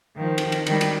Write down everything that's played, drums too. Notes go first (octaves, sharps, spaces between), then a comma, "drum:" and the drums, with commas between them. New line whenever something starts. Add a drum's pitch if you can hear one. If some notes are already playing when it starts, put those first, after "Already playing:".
D#3 F3
drum: cymbal
drum: cymbal
D#3 G3, drum: cymbal
drum: cymbal